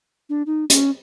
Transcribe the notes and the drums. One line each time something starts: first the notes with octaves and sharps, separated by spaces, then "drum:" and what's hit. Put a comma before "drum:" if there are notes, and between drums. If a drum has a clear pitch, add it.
D4
D#4
C#4, drum: hi-hat